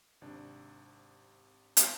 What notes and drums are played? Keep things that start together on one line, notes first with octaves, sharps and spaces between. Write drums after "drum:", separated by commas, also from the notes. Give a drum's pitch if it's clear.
G#1 C3 D4
drum: hi-hat